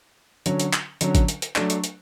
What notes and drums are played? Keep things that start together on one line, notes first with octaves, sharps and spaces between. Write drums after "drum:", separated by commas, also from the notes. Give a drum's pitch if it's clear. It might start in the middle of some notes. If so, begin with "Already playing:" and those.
D3 F#3 C#4, drum: hi-hat
drum: hi-hat
drum: clap
D3 F#3 C#4, drum: hi-hat
drum: kick, hi-hat
drum: hi-hat
drum: hi-hat
F#3 A3 D4, drum: clap
drum: hi-hat
drum: hi-hat